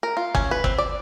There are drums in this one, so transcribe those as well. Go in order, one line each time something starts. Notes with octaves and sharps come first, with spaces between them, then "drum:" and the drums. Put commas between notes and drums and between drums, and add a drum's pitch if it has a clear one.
A#4
F4
C#4, drum: kick
B4
C4, drum: kick
D5